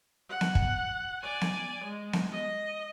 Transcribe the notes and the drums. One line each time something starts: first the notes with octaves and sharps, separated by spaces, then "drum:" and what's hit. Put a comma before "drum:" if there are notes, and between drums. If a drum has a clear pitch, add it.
F#5
drum: snare B3
drum: kick
D5 G#5
drum: snare B3
G#3
drum: snare B3
D#5